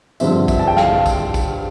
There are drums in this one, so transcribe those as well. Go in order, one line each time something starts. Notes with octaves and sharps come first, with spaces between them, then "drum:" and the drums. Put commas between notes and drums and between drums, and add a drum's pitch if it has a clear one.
G2 D3 F3 C4 E5, drum: tambourine
E5, drum: kick A#1, tambourine
A5
G5
F5, drum: snare
drum: kick A#1, tambourine
drum: kick A#1, tambourine